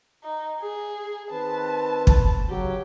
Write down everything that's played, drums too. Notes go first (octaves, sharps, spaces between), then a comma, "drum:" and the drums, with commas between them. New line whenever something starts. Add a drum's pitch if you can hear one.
D#4
G#4
D#3 C4 B4 A5
drum: kick
C#3 F#3 G4